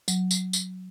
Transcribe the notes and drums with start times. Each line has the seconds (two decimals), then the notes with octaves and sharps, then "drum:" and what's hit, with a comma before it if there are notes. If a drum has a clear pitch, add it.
0.08 F#3, drum: tambourine
0.31 drum: tambourine
0.53 drum: tambourine